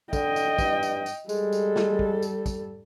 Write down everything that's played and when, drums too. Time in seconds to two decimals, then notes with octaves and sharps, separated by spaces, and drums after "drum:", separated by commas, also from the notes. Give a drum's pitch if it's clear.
0.13 D3 D#5 G5, drum: kick, tambourine
0.36 drum: tambourine
0.59 G2, drum: kick, tambourine
0.83 drum: tambourine
1.06 drum: tambourine
1.29 G3 G#3 A4, drum: tambourine
1.53 drum: tambourine
1.76 drum: snare
1.99 drum: kick
2.22 drum: tambourine
2.46 drum: kick, tambourine